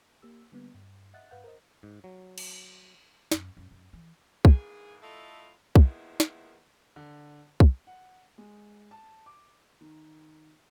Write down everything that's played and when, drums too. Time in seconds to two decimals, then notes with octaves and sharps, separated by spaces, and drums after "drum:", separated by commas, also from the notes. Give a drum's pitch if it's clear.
0.22 A#3 G4 E6
0.52 D3 G3 A#3 B3
0.75 G2
1.14 D#5 E5 F#5 F#6 A6
1.31 G2 B4 F5 F#5 G6
1.44 A#4 C5 D#5
1.83 G#2
2.04 F#3
2.38 drum: cymbal
3.32 F#2, drum: snare
3.57 F#2
3.71 F#2
3.93 E3
4.45 G#2 E3 A#3 G#4, drum: kick
5.02 A3 E4 F4 A4 D#5 E5
5.76 D#3 F3 G#3 A#3 B3 E4, drum: kick
6.20 drum: snare
6.96 D3
7.60 drum: kick
7.87 F#5
8.38 G#3
8.91 A5
9.26 D6
9.81 D#3